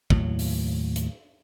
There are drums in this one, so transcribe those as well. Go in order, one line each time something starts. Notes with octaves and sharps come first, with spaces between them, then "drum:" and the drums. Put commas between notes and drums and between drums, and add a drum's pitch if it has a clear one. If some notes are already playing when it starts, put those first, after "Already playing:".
D#2 A2 F#3, drum: kick
drum: open hi-hat
drum: hi-hat